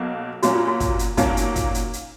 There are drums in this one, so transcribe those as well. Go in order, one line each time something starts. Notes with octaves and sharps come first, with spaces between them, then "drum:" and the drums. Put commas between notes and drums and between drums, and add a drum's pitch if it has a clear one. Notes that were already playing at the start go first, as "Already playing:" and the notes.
Already playing: B1 B2 A#3
A#2 F#3 A#3 C#4 F#4, drum: hi-hat
F4
F#4
drum: kick, hi-hat
drum: hi-hat
A#2 F#3 A#3 C#4 D#4, drum: kick, hi-hat
drum: hi-hat
drum: kick, hi-hat
drum: hi-hat
drum: hi-hat